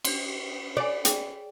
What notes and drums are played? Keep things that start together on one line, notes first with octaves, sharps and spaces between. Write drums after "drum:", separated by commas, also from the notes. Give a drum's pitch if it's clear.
D4 C6, drum: cymbal
C#5 D5 G#5
G#4 G5, drum: hi-hat